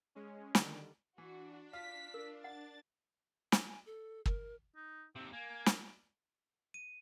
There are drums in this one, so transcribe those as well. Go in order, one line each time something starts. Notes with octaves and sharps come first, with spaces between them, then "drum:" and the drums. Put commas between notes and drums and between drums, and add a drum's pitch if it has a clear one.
G#3 C#4
D3 D#3 G3, drum: snare
E3 D4 F#4
F4 F5 B6
A#4
F#5 A6
G#5, drum: snare
A4
A#4, drum: kick
D#4
D#2 C3 C4
A#3 G#5
drum: snare
D#7